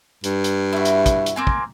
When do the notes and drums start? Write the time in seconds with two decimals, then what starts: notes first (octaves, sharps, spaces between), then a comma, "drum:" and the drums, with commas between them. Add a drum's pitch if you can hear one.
0.24 G2, drum: hi-hat
0.44 drum: hi-hat
0.73 E4 F#4
0.85 drum: hi-hat
1.06 drum: kick, hi-hat
1.26 drum: hi-hat
1.36 A#3 C4 G#5
1.47 drum: kick